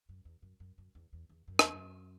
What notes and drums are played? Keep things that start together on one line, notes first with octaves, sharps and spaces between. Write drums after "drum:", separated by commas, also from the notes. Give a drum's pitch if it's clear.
F#2
E2
F#2
F#2
F#2
E2
E2
E2
F#2
E2, drum: rim click
F#2